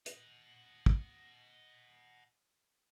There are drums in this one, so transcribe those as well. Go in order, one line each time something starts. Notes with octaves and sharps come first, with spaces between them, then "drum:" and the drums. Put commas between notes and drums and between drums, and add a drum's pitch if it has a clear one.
D#5 F#5, drum: hi-hat
drum: kick